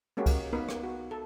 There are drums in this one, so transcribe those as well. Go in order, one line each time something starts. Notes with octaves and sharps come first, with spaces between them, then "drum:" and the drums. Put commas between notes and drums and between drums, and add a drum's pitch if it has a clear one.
G#3 A#3 C#4 F#4 G4
drum: kick C2, cymbal
A#3 B3 D#4 A#4 B4
drum: rim click
F#4
A4